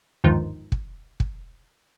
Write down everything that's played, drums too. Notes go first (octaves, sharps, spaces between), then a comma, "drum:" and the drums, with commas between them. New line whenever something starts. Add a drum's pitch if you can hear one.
G1 D#2 G#2 D#3 F3
drum: kick
drum: kick